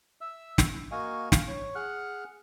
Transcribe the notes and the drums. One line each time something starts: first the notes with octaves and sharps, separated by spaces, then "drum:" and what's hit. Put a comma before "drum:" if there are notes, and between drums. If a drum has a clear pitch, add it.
E5 E6
drum: snare
A#3 F#4 D#5 F5 G#5 C#6
F5, drum: snare
C#5 C#6
G#4 F#5 F6 F#6